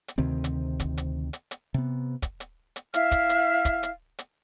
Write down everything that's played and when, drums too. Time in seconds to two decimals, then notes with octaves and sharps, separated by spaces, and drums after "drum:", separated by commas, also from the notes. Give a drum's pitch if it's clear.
0.08 drum: hi-hat
0.18 D2 C3 D#3 C4
0.44 drum: hi-hat
0.80 drum: kick, hi-hat
0.97 drum: hi-hat
1.33 drum: hi-hat
1.51 drum: hi-hat
1.74 C3 B3
2.22 drum: kick, hi-hat
2.40 drum: hi-hat
2.76 drum: hi-hat
2.94 E4 E5 F5 F6, drum: hi-hat
3.12 drum: kick, hi-hat
3.29 drum: hi-hat
3.65 drum: kick, hi-hat
3.83 drum: hi-hat
4.19 drum: hi-hat